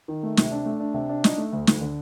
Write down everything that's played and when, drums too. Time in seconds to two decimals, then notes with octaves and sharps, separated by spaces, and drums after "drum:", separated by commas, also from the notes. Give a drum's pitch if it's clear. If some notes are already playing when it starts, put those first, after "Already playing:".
0.08 D#3
0.23 A3
0.37 C3, drum: snare
0.51 D4
0.66 A3
0.80 D4
0.94 C3
1.09 D4
1.24 D#4, drum: snare
1.38 A3
1.53 D2
1.67 D2, drum: snare
1.81 D3